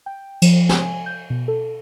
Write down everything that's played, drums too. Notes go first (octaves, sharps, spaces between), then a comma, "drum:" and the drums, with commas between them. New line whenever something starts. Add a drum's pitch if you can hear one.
G5
F3, drum: cymbal
G#5, drum: snare
G6
B2
A4